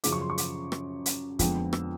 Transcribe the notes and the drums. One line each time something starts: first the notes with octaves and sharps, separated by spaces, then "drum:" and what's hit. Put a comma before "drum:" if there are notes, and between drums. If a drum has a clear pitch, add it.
F#2 C#3 F3 D6, drum: hi-hat
C#6
C6
C#6
D6, drum: hi-hat
drum: rim click
drum: hi-hat
F2 D3 F3 G#3 B3, drum: kick, hi-hat
E6, drum: rim click